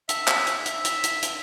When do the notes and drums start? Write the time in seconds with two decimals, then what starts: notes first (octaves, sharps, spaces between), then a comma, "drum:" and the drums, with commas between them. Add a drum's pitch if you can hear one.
0.09 E5, drum: hi-hat
0.28 drum: clap
0.47 drum: hi-hat
0.66 drum: hi-hat
0.85 drum: hi-hat
1.03 drum: hi-hat
1.22 drum: hi-hat